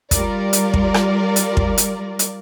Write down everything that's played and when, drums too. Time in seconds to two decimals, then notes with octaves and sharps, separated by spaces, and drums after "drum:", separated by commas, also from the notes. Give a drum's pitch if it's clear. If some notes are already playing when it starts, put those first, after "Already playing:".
0.11 G3 F4 A#4 D5, drum: kick, hi-hat
0.53 drum: hi-hat
0.74 drum: kick
0.94 drum: rim click
1.36 drum: hi-hat
1.57 drum: kick
1.78 drum: hi-hat
2.19 drum: hi-hat